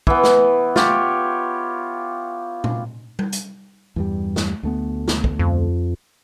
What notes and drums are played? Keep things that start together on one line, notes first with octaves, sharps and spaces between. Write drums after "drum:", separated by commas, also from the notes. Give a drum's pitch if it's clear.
E3 B3, drum: kick
drum: snare
F4 G4 C#5, drum: snare
drum: tom A#2
drum: tom G3
drum: hi-hat
E2 G2 G3
drum: snare
D2 A3 B3
drum: snare
drum: kick
F2